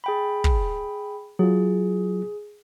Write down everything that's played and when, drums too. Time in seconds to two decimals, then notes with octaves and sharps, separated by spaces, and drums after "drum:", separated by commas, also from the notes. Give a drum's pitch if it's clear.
0.04 G#4 G5 B5
0.44 drum: kick
1.39 F#3 F4 G#4